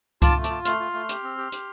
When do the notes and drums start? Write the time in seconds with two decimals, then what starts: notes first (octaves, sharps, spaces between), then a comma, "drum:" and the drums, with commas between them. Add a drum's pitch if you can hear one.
0.22 F4 A5 D6, drum: kick C#2, hi-hat
0.37 A3
0.44 A5 D6, drum: hi-hat
0.50 F4
0.65 A3 C6 F6, drum: hi-hat
0.80 F4
0.94 A3
1.09 G4, drum: hi-hat
1.23 C4
1.38 G4
1.52 G4, drum: hi-hat